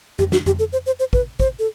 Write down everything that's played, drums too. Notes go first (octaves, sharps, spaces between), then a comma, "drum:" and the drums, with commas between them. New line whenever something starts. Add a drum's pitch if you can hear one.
G4, drum: tom F2
F#4, drum: snare
G4, drum: tom F2
A4
C5
C5
C5
B4, drum: kick
C5, drum: kick
A4